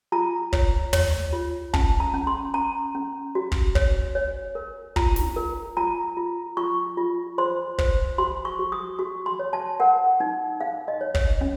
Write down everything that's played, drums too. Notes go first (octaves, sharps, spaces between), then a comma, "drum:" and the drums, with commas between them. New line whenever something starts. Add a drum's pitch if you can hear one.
F4 A#5
C#5, drum: kick
C#5, drum: tom
F4
C#4 A5, drum: kick
A#5
C#4
C6
C#4 A#5
C#4
F#4
drum: kick
C#5, drum: kick
C#5
A#4
F4 A#5, drum: kick
drum: snare
A#4
F4 A#5
F4
F4 C#6
F4
C5 C6
C5, drum: kick
F#4 C6
C#6
F#4
D#6
F#4 C#6
C6
C#5
A5
A#4 F#5
D#4
D#4 F5
D#5
C#5
C#5, drum: kick
C#4